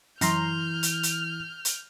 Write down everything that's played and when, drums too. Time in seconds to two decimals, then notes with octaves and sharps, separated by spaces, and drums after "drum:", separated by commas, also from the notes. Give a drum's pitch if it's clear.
0.21 F#2 E3 A#5 C6 F6 G6, drum: hi-hat
0.83 drum: hi-hat
1.03 drum: hi-hat
1.65 drum: hi-hat